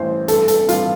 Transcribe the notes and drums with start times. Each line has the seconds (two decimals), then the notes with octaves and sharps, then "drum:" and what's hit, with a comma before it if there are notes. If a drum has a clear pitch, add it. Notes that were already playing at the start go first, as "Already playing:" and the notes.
Already playing: A1 G2 C5
0.28 G2 A4, drum: hi-hat
0.48 A4, drum: hi-hat
0.69 G2 F4, drum: hi-hat